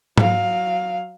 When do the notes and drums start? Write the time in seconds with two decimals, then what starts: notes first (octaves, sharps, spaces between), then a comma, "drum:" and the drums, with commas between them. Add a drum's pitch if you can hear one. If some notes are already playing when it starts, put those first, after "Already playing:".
0.18 F#3 F5, drum: tom G#2